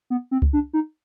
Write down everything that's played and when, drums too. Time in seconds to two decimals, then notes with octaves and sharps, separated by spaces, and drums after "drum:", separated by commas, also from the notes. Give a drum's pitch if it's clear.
0.10 B3
0.31 C4
0.42 drum: kick C#2
0.53 D4
0.73 D#4